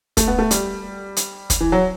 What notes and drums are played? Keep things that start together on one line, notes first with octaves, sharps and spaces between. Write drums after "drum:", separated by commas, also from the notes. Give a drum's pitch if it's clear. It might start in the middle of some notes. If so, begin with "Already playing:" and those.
A3, drum: kick, hi-hat
B3
A3
G3, drum: hi-hat
drum: hi-hat
drum: kick, hi-hat
E3
F#3